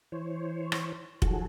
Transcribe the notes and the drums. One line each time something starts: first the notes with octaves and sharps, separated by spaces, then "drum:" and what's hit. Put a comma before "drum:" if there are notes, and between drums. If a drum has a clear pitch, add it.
E3 C5 C#5
drum: rim click
D#3 F3 F#3 F#4 G#4 A4, drum: kick F1